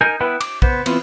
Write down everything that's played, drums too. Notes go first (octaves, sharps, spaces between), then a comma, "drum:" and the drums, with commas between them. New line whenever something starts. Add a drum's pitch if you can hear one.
D#4 A#4 G#5 G6
B3 E4 B4 G5
D6, drum: cymbal
B3 C5, drum: kick
E3 B3 C4 F4, drum: cymbal